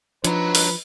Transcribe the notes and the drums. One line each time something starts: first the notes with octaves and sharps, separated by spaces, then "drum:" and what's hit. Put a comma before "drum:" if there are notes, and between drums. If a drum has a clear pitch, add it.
F3 D4 D#4 B4 C#5 A#5, drum: hi-hat
drum: open hi-hat